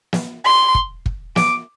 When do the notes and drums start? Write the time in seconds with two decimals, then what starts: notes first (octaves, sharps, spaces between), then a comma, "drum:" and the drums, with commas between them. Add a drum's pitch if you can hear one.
0.13 drum: snare
0.44 C6
0.75 drum: kick
1.06 drum: kick
1.36 D6, drum: snare